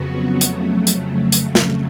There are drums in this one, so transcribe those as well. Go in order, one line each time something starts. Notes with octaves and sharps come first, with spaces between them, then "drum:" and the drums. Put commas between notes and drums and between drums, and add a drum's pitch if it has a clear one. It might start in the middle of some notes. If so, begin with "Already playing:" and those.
Already playing: F2 C#3 F#3 B3 F#4
F2 C#3 F#3 A3, drum: hi-hat
drum: hi-hat
drum: hi-hat
drum: snare